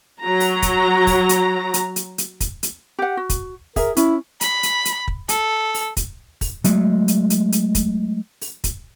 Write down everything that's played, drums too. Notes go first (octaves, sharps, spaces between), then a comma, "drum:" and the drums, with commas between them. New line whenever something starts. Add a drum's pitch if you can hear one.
F#3 A#5
drum: open hi-hat
drum: kick, hi-hat
drum: kick, open hi-hat
drum: hi-hat
drum: hi-hat
drum: hi-hat
drum: hi-hat
drum: kick, hi-hat
drum: hi-hat
G4 F#5
F#4
drum: kick, hi-hat
G#4 A#4 E5, drum: kick, open hi-hat
C#4 E4, drum: hi-hat
B5, drum: hi-hat
drum: hi-hat
drum: hi-hat
drum: kick
A4, drum: hi-hat
drum: open hi-hat
drum: kick, hi-hat
drum: kick, open hi-hat
F#3 G#3 A3, drum: hi-hat
drum: hi-hat
drum: hi-hat
drum: hi-hat
drum: kick, hi-hat
drum: open hi-hat
drum: kick, hi-hat